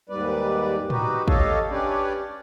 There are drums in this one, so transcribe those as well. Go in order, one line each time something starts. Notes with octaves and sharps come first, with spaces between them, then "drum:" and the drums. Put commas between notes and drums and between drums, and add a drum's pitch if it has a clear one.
D#2 G#2 G3 B4 D5
D#4 F#4 G4 B4, drum: tom
G4 A4 C#5 D#5 F5 A5, drum: kick
C#4 D4 G4 B4 C#5 D5